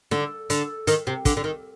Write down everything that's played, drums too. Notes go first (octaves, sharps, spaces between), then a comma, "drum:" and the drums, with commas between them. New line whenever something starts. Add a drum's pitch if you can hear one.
D3, drum: snare
D3, drum: hi-hat
D#3, drum: hi-hat
C3
D3, drum: kick, hi-hat
D3
D#3